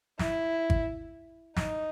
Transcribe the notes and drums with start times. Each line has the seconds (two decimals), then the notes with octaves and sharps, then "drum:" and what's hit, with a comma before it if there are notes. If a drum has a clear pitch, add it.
0.19 E4, drum: snare
0.70 drum: kick G#1
1.57 D#4, drum: snare